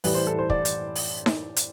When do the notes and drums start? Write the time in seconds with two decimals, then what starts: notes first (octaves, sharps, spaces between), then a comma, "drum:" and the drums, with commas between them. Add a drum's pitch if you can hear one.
0.04 A2 E3 G3 B4, drum: open hi-hat
0.15 C5
0.27 A4
0.39 C5
0.50 D5, drum: kick
0.65 drum: hi-hat
0.95 drum: open hi-hat
1.26 drum: snare D#4
1.56 drum: hi-hat